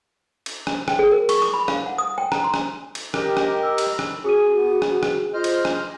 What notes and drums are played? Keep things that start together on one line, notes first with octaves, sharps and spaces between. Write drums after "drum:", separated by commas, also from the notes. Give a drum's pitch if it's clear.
drum: cymbal
drum: rim click
G5, drum: rim click
G#4
A#4
C#6, drum: cymbal
D6
B5
F5, drum: rim click
F#5
D#6
G5
A#5, drum: rim click
C6
drum: rim click
drum: cymbal
G4 A#4 D#5, drum: rim click
drum: rim click
E6
drum: cymbal
drum: rim click
C#4 F#4 G#4 D#6 D#7
B3
drum: rim click
drum: rim click
F4 C5 D#5 F6
drum: cymbal
drum: rim click